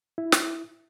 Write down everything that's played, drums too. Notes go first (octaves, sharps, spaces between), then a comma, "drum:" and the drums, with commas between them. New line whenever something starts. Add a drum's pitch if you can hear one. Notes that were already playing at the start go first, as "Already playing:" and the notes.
E4
drum: snare